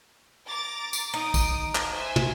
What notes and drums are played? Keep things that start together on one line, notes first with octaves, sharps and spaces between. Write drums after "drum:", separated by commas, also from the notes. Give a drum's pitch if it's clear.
A#5 D6 A6
drum: tambourine
D#4 D#6 D7
drum: kick, tambourine
drum: clap
C5 E5 G#5
drum: tom